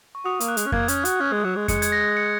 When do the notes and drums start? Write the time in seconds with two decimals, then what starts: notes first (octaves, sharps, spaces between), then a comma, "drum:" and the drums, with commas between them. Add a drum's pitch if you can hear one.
0.15 C#6
0.25 F#4 D#6
0.40 A#3, drum: hi-hat
0.48 F#6
0.57 G#3, drum: hi-hat
0.66 C#4
0.72 A#3 G#6, drum: kick F2
0.88 C#4 G#6, drum: hi-hat
1.05 F#4 F#6, drum: hi-hat
1.20 C#4 G#6
1.32 G#3
1.44 F#3
1.56 G#3
1.68 G#3 C#7, drum: kick F2, hi-hat
1.82 G#6, drum: hi-hat
1.92 A#6
2.17 C#7